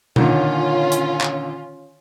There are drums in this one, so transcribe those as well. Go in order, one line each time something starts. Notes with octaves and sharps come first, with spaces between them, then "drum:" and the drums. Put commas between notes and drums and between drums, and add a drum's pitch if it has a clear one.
A#2 D3 D#3 C#4 F4, drum: tom B2
drum: hi-hat
drum: clap